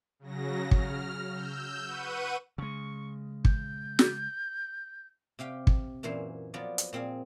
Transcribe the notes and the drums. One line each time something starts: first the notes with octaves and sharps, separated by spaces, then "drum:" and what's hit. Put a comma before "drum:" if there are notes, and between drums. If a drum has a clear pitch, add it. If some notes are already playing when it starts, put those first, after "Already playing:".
C#3 F#3 A#6
F6, drum: kick
E6 G6
B4 F#5 C#6 D#7
C#3 G#3 C#6
G6, drum: kick
drum: snare
C3 G4 F5 G5
drum: kick
F#2 A#2 E3 C5 C6
F3 F#3 B3 F4 D5
drum: hi-hat
A#2 C4 G#4 F5